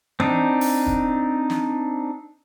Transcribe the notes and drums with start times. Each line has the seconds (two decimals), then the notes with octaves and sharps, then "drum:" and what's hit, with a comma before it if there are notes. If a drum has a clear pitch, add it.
0.20 C4 D4 D#4, drum: tom E3
0.61 drum: open hi-hat
0.86 drum: kick
1.50 drum: snare